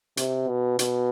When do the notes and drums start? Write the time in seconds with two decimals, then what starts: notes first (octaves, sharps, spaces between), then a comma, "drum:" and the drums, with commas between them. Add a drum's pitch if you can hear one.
0.17 C3, drum: hi-hat
0.48 B2
0.79 B2, drum: hi-hat